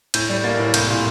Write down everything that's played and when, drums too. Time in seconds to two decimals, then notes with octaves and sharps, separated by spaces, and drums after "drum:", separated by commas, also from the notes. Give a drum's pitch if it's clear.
0.14 A2 G6, drum: cymbal
0.29 G3
0.44 A#3 A6
0.59 A2
0.74 C2 G6, drum: cymbal
0.90 A#2